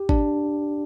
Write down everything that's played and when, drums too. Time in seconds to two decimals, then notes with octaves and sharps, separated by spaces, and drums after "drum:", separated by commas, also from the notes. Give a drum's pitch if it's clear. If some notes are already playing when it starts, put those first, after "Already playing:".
Already playing: G4
0.09 D4, drum: kick G#1